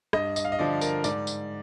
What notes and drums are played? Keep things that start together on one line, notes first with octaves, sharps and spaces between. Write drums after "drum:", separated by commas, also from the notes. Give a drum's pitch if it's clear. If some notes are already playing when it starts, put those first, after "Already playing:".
G2 D#5, drum: rim click
D#5, drum: tambourine
F5
D#5
D3 F3 D5
A#4, drum: tambourine
G#2 D5, drum: tambourine
drum: tambourine